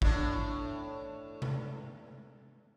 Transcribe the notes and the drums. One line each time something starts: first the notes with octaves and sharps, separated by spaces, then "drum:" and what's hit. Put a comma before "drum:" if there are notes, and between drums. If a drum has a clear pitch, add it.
A2 D4, drum: kick
drum: tom C3